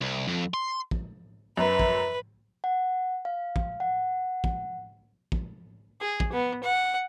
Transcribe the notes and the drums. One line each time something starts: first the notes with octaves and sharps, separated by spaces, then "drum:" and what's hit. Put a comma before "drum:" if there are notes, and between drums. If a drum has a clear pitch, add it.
C2
F2
C6
drum: kick
F#2 B4
drum: kick
F#5
F5
drum: kick
F#5
drum: kick
drum: kick
G#4
drum: kick
B3
F#5